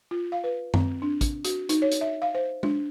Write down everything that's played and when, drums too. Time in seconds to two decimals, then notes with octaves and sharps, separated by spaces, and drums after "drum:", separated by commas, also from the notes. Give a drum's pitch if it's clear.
0.11 F4
0.32 F5
0.44 B4
0.74 C4, drum: tom F#2
1.02 D4
1.21 drum: kick, hi-hat
1.45 F#4, drum: hi-hat
1.69 D#4, drum: hi-hat
1.82 C#5
1.92 drum: hi-hat
2.01 E5
2.22 F5
2.35 C5
2.63 D4, drum: tom G#3